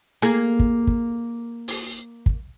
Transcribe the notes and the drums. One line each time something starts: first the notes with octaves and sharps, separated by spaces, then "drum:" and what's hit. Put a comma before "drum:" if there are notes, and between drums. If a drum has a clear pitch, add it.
A#3 G#4, drum: rim click
drum: kick
drum: kick
drum: open hi-hat
drum: kick